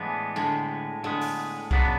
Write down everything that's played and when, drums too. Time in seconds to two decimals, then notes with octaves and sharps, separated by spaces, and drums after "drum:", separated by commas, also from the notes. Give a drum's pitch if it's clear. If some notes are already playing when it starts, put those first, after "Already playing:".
Already playing: A2 E3 G#3 B3 D4
0.36 A2 D3 G#3 B3
1.04 A2 D3 G#3 B3
1.21 drum: open hi-hat
1.71 C#3 F#3 B3 D4, drum: kick B1